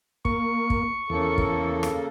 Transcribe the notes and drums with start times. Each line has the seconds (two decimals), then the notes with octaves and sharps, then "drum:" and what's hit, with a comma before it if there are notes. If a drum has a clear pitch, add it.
0.25 A#3 C#6, drum: kick
0.70 drum: kick
1.10 E2 C#3 A#3 A4
1.38 drum: kick
1.83 drum: rim click